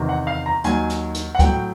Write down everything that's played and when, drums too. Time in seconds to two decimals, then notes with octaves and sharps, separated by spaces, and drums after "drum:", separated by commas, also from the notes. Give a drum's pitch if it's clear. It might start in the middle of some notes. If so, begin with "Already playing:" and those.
Already playing: E2 C3 D#3
0.09 F#5
0.27 F5
0.46 A#5
0.64 D#2 D#3 F#3 G#5, drum: hi-hat
0.90 drum: hi-hat
1.15 drum: hi-hat
1.35 F#5
1.39 A2 F#3 G5, drum: kick, hi-hat